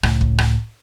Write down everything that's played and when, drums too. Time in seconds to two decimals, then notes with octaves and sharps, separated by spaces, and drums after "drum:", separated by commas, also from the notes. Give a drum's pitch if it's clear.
0.03 C#2 A2, drum: rim click
0.21 drum: kick
0.38 drum: rim click